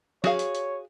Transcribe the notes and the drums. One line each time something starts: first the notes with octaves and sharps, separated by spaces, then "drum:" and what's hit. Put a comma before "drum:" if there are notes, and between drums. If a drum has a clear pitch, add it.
F#4 G#4 C#5 F5, drum: snare F#3
drum: hi-hat
drum: hi-hat